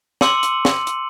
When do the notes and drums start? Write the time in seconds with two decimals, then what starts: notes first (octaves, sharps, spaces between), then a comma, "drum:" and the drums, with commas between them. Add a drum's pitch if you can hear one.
0.21 C6 D6 E6 C#7 D#7 F#7, drum: snare
0.43 drum: hi-hat
0.65 drum: snare
0.87 drum: hi-hat